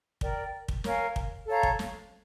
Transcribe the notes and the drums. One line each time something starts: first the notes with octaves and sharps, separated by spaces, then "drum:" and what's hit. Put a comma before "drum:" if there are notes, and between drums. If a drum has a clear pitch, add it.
A#4 D5 G5, drum: kick
drum: kick
A#4 C#5 F5 G#5, drum: snare
drum: kick
A4 C#5 F5 A#5
drum: kick
drum: snare